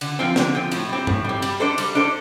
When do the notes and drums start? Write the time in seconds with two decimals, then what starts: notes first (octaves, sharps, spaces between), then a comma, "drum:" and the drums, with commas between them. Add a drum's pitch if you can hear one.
0.01 D3, drum: cymbal
0.19 F3 C4
0.36 D3, drum: snare
0.55 F3 C4
0.71 A2, drum: cymbal
0.89 G3 C4
1.07 A2, drum: tom G2
1.24 G3 C4
1.42 G3, drum: cymbal
1.60 D4 A4 C5
1.78 G3, drum: cymbal
1.95 D4 A4 C5